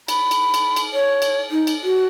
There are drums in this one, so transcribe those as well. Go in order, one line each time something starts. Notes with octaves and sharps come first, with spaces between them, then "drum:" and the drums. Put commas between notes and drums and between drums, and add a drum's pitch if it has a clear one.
B5, drum: cymbal
drum: cymbal
drum: cymbal
drum: cymbal
C#5
drum: cymbal
D#4
drum: cymbal
F#4